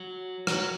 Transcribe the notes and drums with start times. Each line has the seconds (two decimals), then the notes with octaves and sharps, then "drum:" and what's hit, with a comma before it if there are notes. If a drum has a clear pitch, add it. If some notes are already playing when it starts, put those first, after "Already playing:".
Already playing: F#3
0.47 F#3, drum: rim click